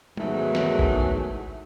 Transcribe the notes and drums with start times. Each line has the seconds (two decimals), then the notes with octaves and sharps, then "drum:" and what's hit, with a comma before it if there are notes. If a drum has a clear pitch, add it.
0.17 E2 G#2 D#3 F#3 A3, drum: tom G3
0.55 drum: snare
0.79 drum: kick G#1